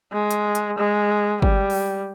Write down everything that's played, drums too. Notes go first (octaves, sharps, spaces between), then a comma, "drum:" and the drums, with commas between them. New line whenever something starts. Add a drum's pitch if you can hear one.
G#3
drum: hi-hat
drum: hi-hat
G#3
G3, drum: kick G1
drum: open hi-hat